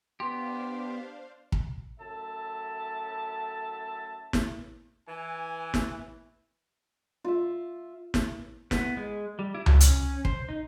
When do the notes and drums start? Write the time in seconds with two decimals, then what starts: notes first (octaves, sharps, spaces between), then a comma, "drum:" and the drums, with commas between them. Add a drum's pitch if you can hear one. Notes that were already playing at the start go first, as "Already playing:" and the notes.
0.20 B3 D4 G4 C5 F5 C6
1.52 drum: kick
1.99 F#2 A2 A4 E5 A5
4.33 drum: snare
5.08 E3 G#5
5.74 drum: snare
7.24 F4 E5
8.14 drum: snare
8.71 B3, drum: snare
8.97 G#3
9.39 G3
9.54 E4
9.66 F#3, drum: tom C#2
9.80 C#4, drum: hi-hat
10.25 C5, drum: kick
10.49 D#4